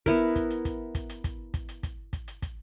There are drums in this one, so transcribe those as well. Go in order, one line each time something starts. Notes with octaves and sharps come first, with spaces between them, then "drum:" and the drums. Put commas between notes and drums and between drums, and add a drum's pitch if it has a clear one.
B3 E4 A#4, drum: kick, hi-hat
drum: kick, hi-hat
drum: hi-hat
drum: kick, hi-hat
drum: kick, hi-hat
drum: hi-hat
drum: kick, hi-hat
drum: kick, hi-hat
drum: hi-hat
drum: kick, hi-hat
drum: kick, hi-hat
drum: hi-hat
drum: kick, hi-hat